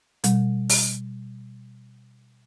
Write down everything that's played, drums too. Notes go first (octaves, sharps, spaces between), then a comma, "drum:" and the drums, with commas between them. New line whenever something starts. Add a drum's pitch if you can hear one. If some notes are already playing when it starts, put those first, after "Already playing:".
B2 G3, drum: hi-hat
drum: open hi-hat